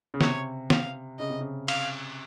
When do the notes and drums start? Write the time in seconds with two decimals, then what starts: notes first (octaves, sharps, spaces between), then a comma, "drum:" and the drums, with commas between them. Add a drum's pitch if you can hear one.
0.14 C#3
0.21 C3 C#5, drum: snare
0.70 F5, drum: snare
1.19 C#3 D#5
1.30 C3
1.41 C#3
1.68 F5, drum: cymbal